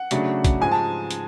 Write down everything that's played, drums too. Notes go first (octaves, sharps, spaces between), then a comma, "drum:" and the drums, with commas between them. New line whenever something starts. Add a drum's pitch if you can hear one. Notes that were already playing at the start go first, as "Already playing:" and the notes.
Already playing: F#5
C#3 F#3 A3 D4, drum: hi-hat
drum: kick, hi-hat
G#2 F3 G#3 G#5
A5
drum: hi-hat